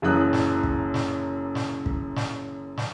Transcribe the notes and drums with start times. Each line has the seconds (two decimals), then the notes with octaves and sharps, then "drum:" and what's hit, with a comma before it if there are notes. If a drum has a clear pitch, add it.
0.02 F#1 F#2 E3 D#6 F#6
0.33 drum: snare
0.63 drum: kick
0.94 drum: snare
1.55 drum: snare
1.86 drum: kick
2.16 drum: snare
2.78 drum: snare